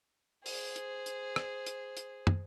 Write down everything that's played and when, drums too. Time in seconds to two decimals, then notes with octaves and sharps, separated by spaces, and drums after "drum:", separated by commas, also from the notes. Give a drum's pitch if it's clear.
0.46 G#4 C5, drum: open hi-hat
0.76 drum: hi-hat
1.06 drum: hi-hat
1.36 drum: rim click
1.66 drum: hi-hat
1.97 drum: hi-hat
2.27 drum: tom